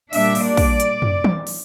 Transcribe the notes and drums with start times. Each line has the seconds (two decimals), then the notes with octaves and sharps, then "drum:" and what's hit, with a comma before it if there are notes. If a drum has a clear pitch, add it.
0.13 A#2 G3 A#3 D4 E5, drum: open hi-hat
0.35 drum: open hi-hat
0.46 D5
0.57 drum: kick, open hi-hat
0.80 drum: hi-hat
1.02 drum: tom
1.24 drum: tom
1.47 drum: open hi-hat